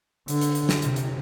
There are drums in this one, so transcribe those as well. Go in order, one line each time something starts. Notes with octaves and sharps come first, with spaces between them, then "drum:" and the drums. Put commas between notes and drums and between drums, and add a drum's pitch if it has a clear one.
D3, drum: hi-hat
drum: hi-hat
drum: hi-hat
drum: snare
C3, drum: hi-hat
drum: hi-hat